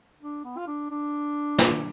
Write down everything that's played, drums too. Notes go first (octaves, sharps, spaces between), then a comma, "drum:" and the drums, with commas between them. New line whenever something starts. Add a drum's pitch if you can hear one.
D4
B3
F4
D4
D4
drum: snare